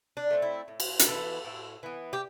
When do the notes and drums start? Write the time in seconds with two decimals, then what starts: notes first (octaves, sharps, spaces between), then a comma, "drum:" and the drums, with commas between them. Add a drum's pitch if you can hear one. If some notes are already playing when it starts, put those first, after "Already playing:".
0.17 D4
0.31 A3 C4
0.42 E4
0.68 A2
0.80 drum: cymbal
0.99 G4, drum: hi-hat
1.07 E3 B3 A4
1.45 A2
1.83 E3 B3
2.13 G4